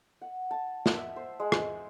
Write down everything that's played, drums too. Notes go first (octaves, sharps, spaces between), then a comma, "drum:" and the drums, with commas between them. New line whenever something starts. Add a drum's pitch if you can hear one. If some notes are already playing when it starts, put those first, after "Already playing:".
F#5
A5
drum: snare
E5
C5
G#3
drum: rim click